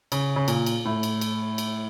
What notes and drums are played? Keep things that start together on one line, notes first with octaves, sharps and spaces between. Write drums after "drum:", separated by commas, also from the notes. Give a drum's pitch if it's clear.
C#3, drum: cymbal
C#3
A#2, drum: cymbal
drum: cymbal
A2
drum: cymbal
drum: cymbal
drum: cymbal